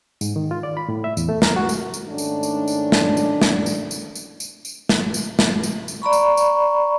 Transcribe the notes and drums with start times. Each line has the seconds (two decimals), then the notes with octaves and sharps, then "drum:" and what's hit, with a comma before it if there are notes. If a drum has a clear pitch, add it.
0.21 G#2, drum: tambourine
0.36 D#3
0.51 F4
0.63 D5
0.77 B5
0.89 A2
1.04 E5
1.17 E2, drum: tambourine
1.29 A3
1.42 A#4, drum: snare
1.56 F#4
1.69 drum: tambourine
1.94 drum: tambourine
2.08 G#2 D#3 A3 C#4 D4
2.18 drum: tambourine
2.43 drum: tambourine
2.68 drum: tambourine
2.92 drum: snare
3.17 drum: tambourine
3.42 drum: snare
3.66 drum: tambourine
3.91 drum: tambourine
4.15 drum: tambourine
4.40 drum: tambourine
4.65 drum: tambourine
4.89 drum: snare
5.14 drum: tambourine
5.39 drum: snare
5.63 drum: tambourine
5.88 drum: tambourine
6.02 D5 A#5 B5 C#6
6.13 drum: tambourine
6.37 drum: tambourine